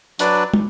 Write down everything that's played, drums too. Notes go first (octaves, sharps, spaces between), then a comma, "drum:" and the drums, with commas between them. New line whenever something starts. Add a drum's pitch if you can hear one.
F#3 D4 B4 D5, drum: hi-hat
drum: tom